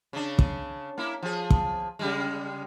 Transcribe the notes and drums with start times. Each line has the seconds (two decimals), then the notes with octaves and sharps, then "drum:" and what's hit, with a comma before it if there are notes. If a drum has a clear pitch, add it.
0.13 C#3 D4
0.39 drum: kick
0.98 A#3 E4
1.23 F3 G#4
1.50 drum: kick
1.99 C#3 G3 G#3